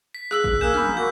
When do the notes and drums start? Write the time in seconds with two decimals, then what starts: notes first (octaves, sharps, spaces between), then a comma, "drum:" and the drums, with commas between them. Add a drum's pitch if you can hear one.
0.15 B6
0.31 G#4 E6 F#6 F#7
0.44 drum: kick
0.61 A#3 G#4 E6 F#6 G6 E7
0.74 B5 F6, drum: tom
0.97 A#3 F#4 G6